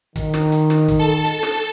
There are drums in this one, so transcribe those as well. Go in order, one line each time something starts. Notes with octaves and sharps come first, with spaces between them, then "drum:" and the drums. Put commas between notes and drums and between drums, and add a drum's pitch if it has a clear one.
D#3, drum: kick, hi-hat
drum: snare
drum: hi-hat
drum: snare
drum: kick, hi-hat
A4
drum: hi-hat
drum: snare